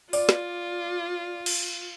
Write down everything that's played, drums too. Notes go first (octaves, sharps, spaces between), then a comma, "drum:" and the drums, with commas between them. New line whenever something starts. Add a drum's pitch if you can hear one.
F4 D5, drum: open hi-hat
drum: snare
drum: cymbal